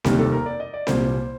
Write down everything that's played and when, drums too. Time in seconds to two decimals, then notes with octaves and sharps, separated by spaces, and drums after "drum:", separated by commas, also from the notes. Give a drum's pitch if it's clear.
0.04 F1 D#2 D#3 G3 G4, drum: snare C4
0.19 A4
0.32 A#4
0.46 D5
0.60 D#5
0.74 D5
0.87 C2 A#2 G3 C5, drum: snare C4